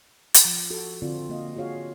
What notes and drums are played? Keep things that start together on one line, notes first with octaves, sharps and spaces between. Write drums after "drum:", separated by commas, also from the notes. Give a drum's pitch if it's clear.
drum: hi-hat
F3
F#4 A4
D3 C4 F4 D5
A#3 D#5 F5
F4 F#4 G#4 C#5 F5